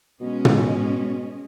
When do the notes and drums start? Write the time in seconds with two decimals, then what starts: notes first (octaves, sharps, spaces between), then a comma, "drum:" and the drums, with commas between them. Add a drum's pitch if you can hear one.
0.21 B2 G#3 C#4 D#5
0.45 drum: tom